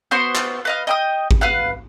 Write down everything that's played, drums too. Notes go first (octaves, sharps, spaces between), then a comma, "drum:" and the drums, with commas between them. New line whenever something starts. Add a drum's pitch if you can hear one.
B3 F#4 C5 C6
drum: clap
B4 D#5 F5
D#5 G5 D#6
drum: kick G#1
B4 F5 F#5